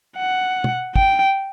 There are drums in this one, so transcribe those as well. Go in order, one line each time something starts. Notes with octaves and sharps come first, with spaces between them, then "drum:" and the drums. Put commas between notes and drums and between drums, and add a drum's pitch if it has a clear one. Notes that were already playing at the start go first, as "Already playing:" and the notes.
F#5
drum: tom
G5, drum: kick